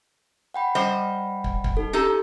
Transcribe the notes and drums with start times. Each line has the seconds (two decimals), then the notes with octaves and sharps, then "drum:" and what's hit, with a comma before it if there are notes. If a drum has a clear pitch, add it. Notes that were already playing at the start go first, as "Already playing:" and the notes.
0.54 F#5 G5 B5
0.75 G3 C5 D#5
1.44 drum: kick
1.64 drum: kick
1.77 D#4 A4
1.93 D#4 G4 A4